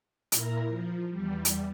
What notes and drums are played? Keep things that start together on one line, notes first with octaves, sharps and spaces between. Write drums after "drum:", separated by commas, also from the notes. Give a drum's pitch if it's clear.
A#2 E4 A#4 A#5, drum: hi-hat
F3
E2 G3
drum: hi-hat